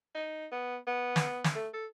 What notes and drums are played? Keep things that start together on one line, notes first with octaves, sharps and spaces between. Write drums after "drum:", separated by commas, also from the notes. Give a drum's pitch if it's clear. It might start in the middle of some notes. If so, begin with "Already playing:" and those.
D#4
B3
B3
drum: snare
drum: snare
A3
A4